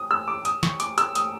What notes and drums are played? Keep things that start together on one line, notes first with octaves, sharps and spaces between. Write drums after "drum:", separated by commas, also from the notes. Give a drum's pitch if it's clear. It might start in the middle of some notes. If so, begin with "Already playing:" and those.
Already playing: D#6
E6
D6
D#6, drum: hi-hat
C#6, drum: snare
D6, drum: hi-hat
E6, drum: hi-hat
D#6, drum: hi-hat